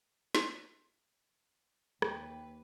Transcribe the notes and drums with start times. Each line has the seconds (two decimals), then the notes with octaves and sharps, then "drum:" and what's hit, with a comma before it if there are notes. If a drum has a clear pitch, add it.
0.35 drum: snare
2.02 D#2 B4 G5, drum: rim click